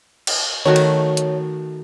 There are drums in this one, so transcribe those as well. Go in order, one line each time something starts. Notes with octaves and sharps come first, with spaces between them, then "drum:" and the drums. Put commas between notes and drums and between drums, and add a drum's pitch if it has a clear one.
drum: cymbal
D#3 A3 F#4 C#5
drum: cymbal
drum: hi-hat